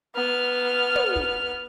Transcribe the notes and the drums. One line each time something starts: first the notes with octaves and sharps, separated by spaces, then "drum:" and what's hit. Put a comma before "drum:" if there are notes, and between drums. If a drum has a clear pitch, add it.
B3 F6
drum: tom
drum: kick